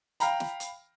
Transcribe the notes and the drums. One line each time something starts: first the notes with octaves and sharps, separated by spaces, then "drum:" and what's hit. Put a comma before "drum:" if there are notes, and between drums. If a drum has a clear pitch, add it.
F5 G5 A#5 B5, drum: hi-hat
drum: snare
drum: hi-hat